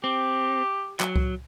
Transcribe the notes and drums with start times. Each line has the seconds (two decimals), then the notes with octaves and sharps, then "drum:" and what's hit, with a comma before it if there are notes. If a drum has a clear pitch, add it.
0.04 C4 G4
1.00 F#3, drum: clap
1.16 drum: kick C2